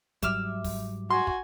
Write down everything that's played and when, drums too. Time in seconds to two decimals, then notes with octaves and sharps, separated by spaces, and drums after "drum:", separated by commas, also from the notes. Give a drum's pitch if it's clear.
0.23 G#2 F#3 G3 E5 D6 F6, drum: kick, hi-hat
0.64 drum: kick, open hi-hat
1.10 F#4 G#5 C6
1.27 drum: kick